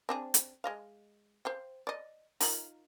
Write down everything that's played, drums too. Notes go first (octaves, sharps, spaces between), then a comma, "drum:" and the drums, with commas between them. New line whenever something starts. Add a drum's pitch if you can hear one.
C4 D4 G#4
drum: hi-hat
G#3 D#5 F5
C5 F5 G5
D5 D#5
D#4 F4 A#4, drum: open hi-hat